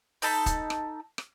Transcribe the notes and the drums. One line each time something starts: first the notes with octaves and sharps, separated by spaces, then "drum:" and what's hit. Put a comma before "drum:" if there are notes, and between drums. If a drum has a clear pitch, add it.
D#4 A4 A5 B5, drum: open hi-hat
drum: kick, hi-hat
drum: rim click
drum: rim click